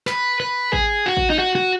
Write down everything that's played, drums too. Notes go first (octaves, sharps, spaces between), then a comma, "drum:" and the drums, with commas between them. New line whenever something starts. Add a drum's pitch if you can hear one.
B4, drum: clap
B4
G#4, drum: kick G#1
F#4
drum: kick G#1
D#4
F#4
F#4